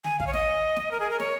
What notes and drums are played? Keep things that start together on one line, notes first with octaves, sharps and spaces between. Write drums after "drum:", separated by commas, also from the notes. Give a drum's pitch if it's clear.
G#5, drum: tom D3
F5, drum: kick
C#5
D#5, drum: snare
drum: snare
A#4
G#4
A#4
C#5, drum: snare